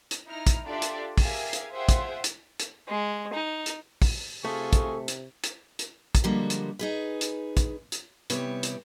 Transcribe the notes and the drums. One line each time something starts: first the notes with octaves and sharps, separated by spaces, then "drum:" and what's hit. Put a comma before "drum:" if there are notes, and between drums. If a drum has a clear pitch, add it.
drum: hi-hat
D#4 E4 F6
drum: kick, hi-hat
D4 F4 G4 A4 D5 E5
drum: hi-hat
G4 G#4 A#4 E5 F5 G#5, drum: kick, open hi-hat
drum: hi-hat
F4 G#4 C5 E5 F#5 G5
drum: kick, hi-hat
drum: hi-hat
drum: hi-hat
G#3
D#4
drum: hi-hat
drum: kick, open hi-hat
C3 A3 F4 G#4 A4 C#6
drum: kick, hi-hat
drum: hi-hat
drum: hi-hat
drum: hi-hat
drum: kick, hi-hat
D3 F3 G3 G#3 A#3 F#4
drum: hi-hat
D#4 G#4 B4
drum: hi-hat
drum: kick, hi-hat
drum: hi-hat
C3 E3 G3 B3 G4 C#5, drum: hi-hat
drum: hi-hat